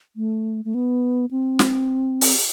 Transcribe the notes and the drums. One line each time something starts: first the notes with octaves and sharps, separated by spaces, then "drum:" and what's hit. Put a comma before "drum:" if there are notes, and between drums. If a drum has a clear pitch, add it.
A3
A3
B3
C4
drum: snare
drum: open hi-hat